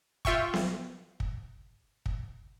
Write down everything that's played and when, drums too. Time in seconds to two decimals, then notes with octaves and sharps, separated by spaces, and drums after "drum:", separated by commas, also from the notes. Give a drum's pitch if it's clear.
0.25 F4 E5 G5 C#6, drum: kick
0.54 drum: snare B3
1.20 drum: kick
2.06 drum: kick